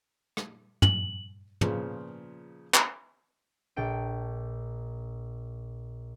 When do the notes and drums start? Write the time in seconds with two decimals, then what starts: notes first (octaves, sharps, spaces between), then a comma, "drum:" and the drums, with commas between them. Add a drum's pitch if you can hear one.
0.37 drum: rim click
0.82 F#7, drum: tom
1.61 A#2 C#3 F3 B3, drum: tom
2.74 drum: clap
3.76 A#1 A4 G5 D7